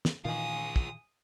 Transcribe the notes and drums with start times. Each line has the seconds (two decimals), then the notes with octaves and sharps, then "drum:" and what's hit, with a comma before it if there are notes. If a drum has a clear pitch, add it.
0.05 drum: snare
0.25 A#2 D#3 E3 F4 G#4 D#6
0.76 drum: kick